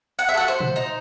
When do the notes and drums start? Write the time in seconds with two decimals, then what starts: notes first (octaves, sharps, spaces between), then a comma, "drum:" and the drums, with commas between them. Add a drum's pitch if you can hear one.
0.19 F#5
0.28 E5
0.34 F#4 A4 F#5
0.48 C5
0.61 drum: tom A#2
0.76 D#4